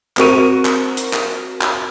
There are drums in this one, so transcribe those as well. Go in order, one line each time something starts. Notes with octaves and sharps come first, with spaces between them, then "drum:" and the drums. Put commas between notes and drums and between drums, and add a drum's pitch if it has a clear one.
C4 F#4 A#4 C#6 D#7, drum: clap
drum: clap
drum: hi-hat
drum: clap
drum: clap